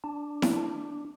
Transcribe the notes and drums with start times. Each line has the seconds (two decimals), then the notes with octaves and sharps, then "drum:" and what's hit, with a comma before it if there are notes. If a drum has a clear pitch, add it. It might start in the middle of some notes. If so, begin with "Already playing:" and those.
0.04 D4
0.42 drum: snare E4
0.54 D4